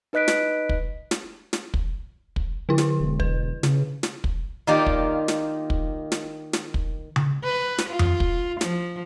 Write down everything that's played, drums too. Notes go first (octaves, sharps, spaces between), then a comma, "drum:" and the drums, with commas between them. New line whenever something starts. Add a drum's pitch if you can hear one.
D#4 B4 D#5 F#6 B6 D7
drum: snare
drum: kick
drum: snare
drum: snare
drum: kick
drum: kick
D3 E4
drum: snare
E1
B4, drum: kick
C#3, drum: snare
drum: snare
drum: kick
D#3 A#3 F4 G4 D5 F5
drum: kick
drum: snare
drum: kick
drum: snare
drum: snare
drum: kick
drum: tom C#3
B4
drum: snare
F4
drum: tom F2
drum: kick
F3, drum: snare